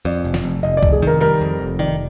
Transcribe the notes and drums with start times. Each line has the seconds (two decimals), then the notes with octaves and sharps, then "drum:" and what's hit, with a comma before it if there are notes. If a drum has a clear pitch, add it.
0.05 F2 D5
0.25 F1
0.34 drum: snare
0.43 F1
0.63 F1 D#5
0.77 D5
0.83 F1, drum: kick
0.92 G#4
1.02 D#3 A#4
1.21 G3 A#4
1.41 F2
1.60 F1
1.79 D#3 D5